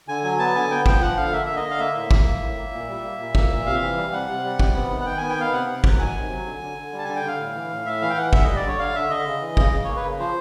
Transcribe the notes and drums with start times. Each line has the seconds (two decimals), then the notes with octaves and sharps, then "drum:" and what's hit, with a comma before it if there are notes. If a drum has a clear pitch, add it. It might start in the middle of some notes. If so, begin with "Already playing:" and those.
0.08 D3 G#5
0.24 F#3 G#5
0.39 B3 A5
0.55 D3 G#5
0.71 B3 G5
0.86 F3 G5, drum: kick
1.01 F3 F#5
1.17 D3 F5
1.33 A#3 E5
1.46 D3 E5
1.56 D#5
1.64 D3
1.71 F5
1.79 A#3 E5
1.95 A2
2.11 A#3, drum: kick
2.26 A#3
2.41 A2
2.57 A#3
2.73 A#2
2.89 G3
3.03 A#3
3.19 A#2
3.35 A#3, drum: kick
3.51 A#2
3.66 C3 F5
3.81 E3
3.97 G3
4.13 C3 F#5
4.28 C3
4.44 G3
4.59 C3, drum: kick
4.75 B3
4.91 D#3
5.01 F#5
5.06 D#3 G5
5.18 B3 G#5
5.29 G5
5.38 B3 F5
5.52 C3 F#5
5.68 C3
5.84 F#3, drum: kick
5.99 D#3 G#5
6.15 C3
6.30 F#3
6.46 D3
6.61 D3
6.78 D3
6.93 G3
6.98 A5
7.04 D3 G#5
7.16 G5
7.24 D3 F5
7.39 A2
7.55 E3
7.71 A2
7.86 A2 E5
8.02 E3 F5
8.10 G5
8.17 E3 F#5
8.33 D3 E5, drum: kick
8.44 G3 D#5
8.56 D5
8.64 D3 C#5
8.79 D3 F5
8.95 D3 E5
9.10 D3 D#5
9.26 C#3
9.41 E3
9.57 C#3, drum: kick
9.72 C#3
9.84 A#3 C#5
9.96 B4
10.04 C#3
10.19 F3 C5